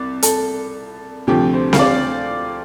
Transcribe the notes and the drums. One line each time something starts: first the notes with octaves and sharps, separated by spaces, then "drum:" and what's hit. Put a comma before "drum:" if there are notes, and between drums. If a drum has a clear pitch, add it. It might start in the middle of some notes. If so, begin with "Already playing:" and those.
Already playing: C2 D5
A4, drum: hi-hat
D2 C3 F3 G4
C5
F5, drum: snare C4
D5